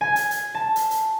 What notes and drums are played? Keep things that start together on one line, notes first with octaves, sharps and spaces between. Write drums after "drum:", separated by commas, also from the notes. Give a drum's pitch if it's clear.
G#5
drum: hi-hat
drum: hi-hat
A5
drum: hi-hat
drum: hi-hat